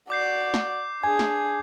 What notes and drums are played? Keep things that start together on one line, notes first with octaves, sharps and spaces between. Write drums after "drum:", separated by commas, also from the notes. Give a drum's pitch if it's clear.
F#4 D5 D6 G6 C7
drum: snare
D4 G#4 G#5 G#6
drum: snare